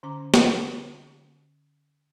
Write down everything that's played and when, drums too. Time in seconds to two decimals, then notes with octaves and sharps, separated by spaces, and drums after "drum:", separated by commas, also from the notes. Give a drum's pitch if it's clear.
0.03 D3 C#4 A#5 D6
0.34 drum: snare